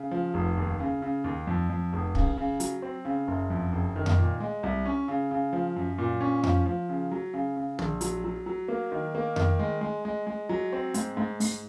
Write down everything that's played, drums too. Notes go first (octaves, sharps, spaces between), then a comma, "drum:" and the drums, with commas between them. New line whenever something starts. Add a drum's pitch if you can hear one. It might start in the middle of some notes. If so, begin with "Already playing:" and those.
Already playing: C#3
F3
F1
D#2
C#3
C#3
D#2
F2
F2
F1
C#3, drum: kick
C#3
F#3, drum: hi-hat
C4
C#3
F#1
F2
F#1
D#3
drum: tom F2
A#2
G#3
C2
C#4
C#3
C#3
F3
F#2
A#2
C#4
F3, drum: tom F2
F3
C#3
F#3
C#3
C#3
A#1, drum: tom
F#3, drum: hi-hat
F#3
F#3
A#3
D#3
A#3
D#3, drum: tom F2
G#3
G#3
G#3
G#3
F#3
C4
G#2, drum: hi-hat
G#2
G#2, drum: open hi-hat